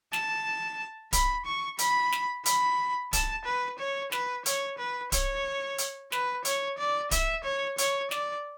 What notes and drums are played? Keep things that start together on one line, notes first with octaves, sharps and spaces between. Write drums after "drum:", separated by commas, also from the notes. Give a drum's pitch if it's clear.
A5, drum: snare
B5, drum: kick D1, hi-hat
C#6
B5, drum: hi-hat
drum: snare
B5, drum: hi-hat
A5, drum: kick D1, hi-hat
B4
C#5
B4, drum: snare
C#5, drum: hi-hat
B4
C#5, drum: kick D1, hi-hat
drum: hi-hat
B4, drum: snare
C#5, drum: hi-hat
D5
E5, drum: kick D1, hi-hat
C#5
C#5, drum: hi-hat
D5, drum: snare